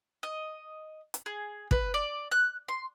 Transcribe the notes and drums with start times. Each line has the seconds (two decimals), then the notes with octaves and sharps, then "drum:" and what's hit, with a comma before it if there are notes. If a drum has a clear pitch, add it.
0.23 D#5
1.14 drum: hi-hat
1.26 G#4
1.71 B4, drum: kick
1.94 D5
2.32 F#6
2.68 C6